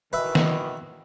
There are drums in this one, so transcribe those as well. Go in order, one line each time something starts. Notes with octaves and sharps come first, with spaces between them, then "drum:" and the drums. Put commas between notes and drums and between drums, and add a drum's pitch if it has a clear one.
B2 D#3 E3 B4 E5
drum: snare D#3